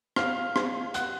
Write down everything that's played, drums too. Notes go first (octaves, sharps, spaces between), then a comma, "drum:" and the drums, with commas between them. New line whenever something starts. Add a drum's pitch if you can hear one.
F5 F6, drum: rim click
drum: rim click
F#5 F#6, drum: hi-hat